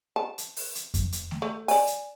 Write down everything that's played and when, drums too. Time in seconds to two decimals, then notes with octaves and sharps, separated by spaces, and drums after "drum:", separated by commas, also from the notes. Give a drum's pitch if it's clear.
0.16 A5
0.38 drum: hi-hat
0.57 drum: open hi-hat
0.75 drum: hi-hat
0.94 drum: kick F2, hi-hat
1.12 drum: hi-hat
1.31 drum: snare A3
1.42 A3
1.68 D5 G#5, drum: open hi-hat
1.87 drum: hi-hat